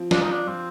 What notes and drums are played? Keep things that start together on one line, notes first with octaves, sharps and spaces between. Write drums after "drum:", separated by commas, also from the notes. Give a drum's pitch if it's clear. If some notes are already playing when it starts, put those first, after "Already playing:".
Already playing: F3 C4
D4 F4, drum: snare
D#4
D4
F3 C4